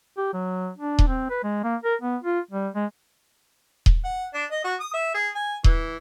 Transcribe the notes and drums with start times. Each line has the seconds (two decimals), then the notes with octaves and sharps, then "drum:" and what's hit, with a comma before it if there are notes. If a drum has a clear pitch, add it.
0.18 G4
0.34 F#3
0.78 D4
0.99 drum: kick D#1
1.08 C4
1.30 B4
1.44 G#3
1.64 A#3
1.84 A#4
2.02 B3
2.23 F4
2.51 G3
2.75 G#3
3.86 drum: kick D#1
4.05 F#5
4.34 D4
4.51 D#5
4.64 F#4
4.81 D#6
4.94 E5
5.15 G#4
5.35 G#5
5.64 E3, drum: kick D#1